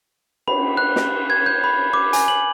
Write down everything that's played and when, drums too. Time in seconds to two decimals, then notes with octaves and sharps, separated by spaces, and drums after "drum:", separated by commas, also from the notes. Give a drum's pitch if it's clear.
0.48 B5, drum: cymbal
0.77 F#6
0.96 drum: snare
1.30 G#6
1.46 G6
1.64 B5
1.93 D6
2.13 G#5, drum: hi-hat
2.28 F#7